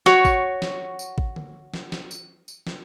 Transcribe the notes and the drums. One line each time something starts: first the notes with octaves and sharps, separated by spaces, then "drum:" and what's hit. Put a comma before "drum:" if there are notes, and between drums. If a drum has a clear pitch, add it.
F#4 C#5, drum: snare
drum: kick A1, tambourine
drum: snare
drum: tambourine
drum: kick A1
drum: tom D3
drum: snare
drum: snare
drum: tambourine
drum: tambourine
drum: snare